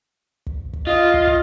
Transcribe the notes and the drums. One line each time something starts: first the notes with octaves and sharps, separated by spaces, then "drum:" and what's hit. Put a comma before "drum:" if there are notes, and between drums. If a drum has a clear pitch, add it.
drum: kick
drum: kick
F4 D#5
drum: kick
drum: kick